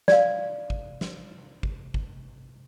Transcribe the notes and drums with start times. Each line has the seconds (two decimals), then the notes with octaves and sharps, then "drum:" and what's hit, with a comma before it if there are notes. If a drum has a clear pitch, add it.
0.08 D5 F5, drum: snare
0.70 drum: kick
1.01 drum: snare
1.63 drum: kick
1.94 drum: kick